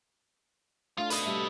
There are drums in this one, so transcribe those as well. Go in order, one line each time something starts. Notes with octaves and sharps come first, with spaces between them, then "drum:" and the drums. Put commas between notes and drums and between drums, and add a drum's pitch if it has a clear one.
A3 D4 F4 F5
B4 D#5, drum: hi-hat
G3 A3 E5